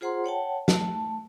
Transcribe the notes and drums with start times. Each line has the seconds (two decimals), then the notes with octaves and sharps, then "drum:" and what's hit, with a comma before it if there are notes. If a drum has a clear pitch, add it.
0.01 F4 G#4 C5 F#5 A#5 C6
0.24 C#5 F#5 G5 A5
0.68 A3 A5, drum: snare